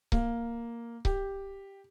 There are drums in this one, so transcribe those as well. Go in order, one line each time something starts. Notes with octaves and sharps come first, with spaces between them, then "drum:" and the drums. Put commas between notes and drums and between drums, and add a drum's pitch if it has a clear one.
A#3, drum: kick C#1
G4, drum: kick C#1